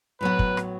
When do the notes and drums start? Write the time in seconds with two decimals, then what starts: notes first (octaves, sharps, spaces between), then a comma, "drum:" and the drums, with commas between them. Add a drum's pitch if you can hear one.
0.21 A2 F#3 B3 B4
0.39 drum: kick
0.57 drum: rim click